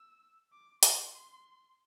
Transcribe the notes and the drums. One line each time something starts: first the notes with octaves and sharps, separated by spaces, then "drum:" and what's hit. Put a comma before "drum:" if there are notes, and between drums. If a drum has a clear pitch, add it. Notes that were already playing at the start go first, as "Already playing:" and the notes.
Already playing: E6
D6
C6, drum: hi-hat